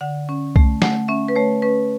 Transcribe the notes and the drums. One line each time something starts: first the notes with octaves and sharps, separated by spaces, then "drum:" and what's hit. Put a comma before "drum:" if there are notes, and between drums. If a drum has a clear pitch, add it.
D3 F#5
C#4
A3, drum: kick C2
A3 F#5, drum: snare
C#4 E5
B4
A3 C#5
C#4 B4